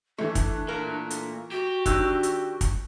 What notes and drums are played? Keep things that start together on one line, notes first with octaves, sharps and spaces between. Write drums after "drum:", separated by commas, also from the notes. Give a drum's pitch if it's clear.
A2 E3 A3 D4
drum: kick, hi-hat
A#2 A#4
drum: hi-hat
F#4 G4
D#3 D4 E6 F#6 G6, drum: kick, hi-hat
drum: hi-hat
drum: kick, hi-hat